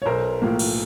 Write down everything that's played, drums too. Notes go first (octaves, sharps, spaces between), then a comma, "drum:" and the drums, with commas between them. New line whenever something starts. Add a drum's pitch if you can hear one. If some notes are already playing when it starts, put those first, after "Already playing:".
C#5
B1 A#4 C5
A2 F3 A#3
drum: cymbal